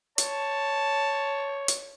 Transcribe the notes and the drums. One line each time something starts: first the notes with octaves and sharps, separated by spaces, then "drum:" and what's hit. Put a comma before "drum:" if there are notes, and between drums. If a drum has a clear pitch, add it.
C#5 A5, drum: hi-hat
drum: hi-hat